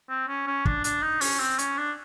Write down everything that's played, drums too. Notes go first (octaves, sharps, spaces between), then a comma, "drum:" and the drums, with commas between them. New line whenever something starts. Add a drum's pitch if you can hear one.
C4
C#4
C#4
D4, drum: kick
D4, drum: hi-hat
D#4
C#4, drum: open hi-hat
C4
C#4, drum: hi-hat
D4